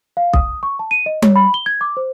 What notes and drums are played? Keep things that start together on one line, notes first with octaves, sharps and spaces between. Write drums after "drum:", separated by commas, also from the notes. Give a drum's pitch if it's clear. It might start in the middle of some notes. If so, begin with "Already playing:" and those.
F5
D#6, drum: kick B1
C#6
A5
D#7
D#5
C#5, drum: tom G3
B5
G7
G#6
D6
C5